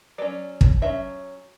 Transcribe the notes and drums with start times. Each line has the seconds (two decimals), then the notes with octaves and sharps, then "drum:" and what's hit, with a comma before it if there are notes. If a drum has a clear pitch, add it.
0.18 F#3 C#4 D5
0.61 drum: kick
0.82 F#3 C#4 E5